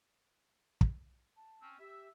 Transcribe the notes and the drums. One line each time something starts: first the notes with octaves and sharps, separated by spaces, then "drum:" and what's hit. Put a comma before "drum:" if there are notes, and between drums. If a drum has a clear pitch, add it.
drum: kick
A5
C4 C#4
G4 E5